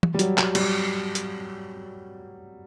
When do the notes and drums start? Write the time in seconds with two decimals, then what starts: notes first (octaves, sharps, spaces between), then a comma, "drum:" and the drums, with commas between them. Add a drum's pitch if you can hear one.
0.03 drum: tom E3
0.14 G3
0.19 F#3, drum: hi-hat
0.38 G3, drum: clap
0.55 G3, drum: cymbal
1.15 drum: hi-hat